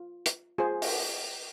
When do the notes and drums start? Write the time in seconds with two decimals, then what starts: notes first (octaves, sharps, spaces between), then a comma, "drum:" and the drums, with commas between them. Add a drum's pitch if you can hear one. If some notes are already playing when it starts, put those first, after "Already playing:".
Already playing: F4
0.26 drum: hi-hat
0.58 F4 G#4 C5
0.82 drum: open hi-hat